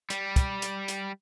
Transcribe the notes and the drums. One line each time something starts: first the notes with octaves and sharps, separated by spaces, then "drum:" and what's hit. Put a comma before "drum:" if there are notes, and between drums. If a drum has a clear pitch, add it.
G3, drum: hi-hat
drum: kick, hi-hat
drum: hi-hat
drum: hi-hat